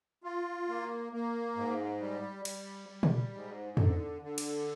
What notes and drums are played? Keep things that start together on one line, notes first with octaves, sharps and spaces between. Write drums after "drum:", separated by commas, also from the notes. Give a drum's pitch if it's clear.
F4
A#3
A#3
G#2
G3
G3, drum: cymbal
G3
drum: tom
G#2
D3, drum: tom
D3
drum: cymbal